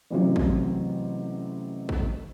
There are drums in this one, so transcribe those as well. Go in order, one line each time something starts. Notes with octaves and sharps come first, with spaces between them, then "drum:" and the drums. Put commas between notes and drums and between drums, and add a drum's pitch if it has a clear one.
A1 C3 F#3
drum: kick
drum: kick